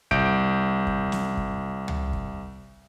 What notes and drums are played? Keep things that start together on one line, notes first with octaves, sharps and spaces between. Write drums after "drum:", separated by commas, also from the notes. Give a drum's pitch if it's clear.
C2 G6 D7, drum: kick
drum: kick
drum: snare
drum: kick
drum: tom
drum: kick